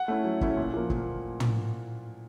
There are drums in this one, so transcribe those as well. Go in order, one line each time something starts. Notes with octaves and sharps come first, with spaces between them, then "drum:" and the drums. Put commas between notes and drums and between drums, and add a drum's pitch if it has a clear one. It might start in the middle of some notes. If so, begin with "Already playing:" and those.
Already playing: F#5
A3 C#4 E4
F#3
A3 C#4 E4, drum: kick
A#2
F3 A#3
A#2, drum: kick
drum: tom